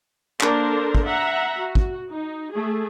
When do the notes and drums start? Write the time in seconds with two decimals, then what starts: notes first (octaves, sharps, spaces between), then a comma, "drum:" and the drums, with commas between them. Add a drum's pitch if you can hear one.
0.41 A#3 D4 A4 A#4 C5, drum: clap
0.95 drum: kick
1.05 E5 F#5 A#5
1.58 F#4
1.75 drum: kick
2.10 D#4
2.52 A3 G#4